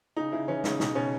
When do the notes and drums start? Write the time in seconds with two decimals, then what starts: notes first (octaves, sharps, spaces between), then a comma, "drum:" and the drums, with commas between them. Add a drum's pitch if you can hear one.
0.17 C#3 D#4
0.32 C#3 E4
0.48 E3 C#4
0.64 C#3 D#4, drum: snare
0.80 B2 D#4, drum: snare
0.95 B2 C#4